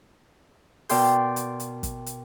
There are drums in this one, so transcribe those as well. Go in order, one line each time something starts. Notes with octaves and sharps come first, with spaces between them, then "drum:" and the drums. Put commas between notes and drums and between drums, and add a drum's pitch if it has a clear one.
B2 A#4 D5 G5 C6 G6, drum: open hi-hat
drum: hi-hat
drum: hi-hat
drum: kick, hi-hat
drum: hi-hat